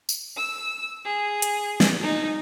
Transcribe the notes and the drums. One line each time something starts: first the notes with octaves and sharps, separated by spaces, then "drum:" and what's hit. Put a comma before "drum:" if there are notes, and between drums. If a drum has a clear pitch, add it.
drum: tambourine
E6
G#4
drum: hi-hat
drum: snare
D#4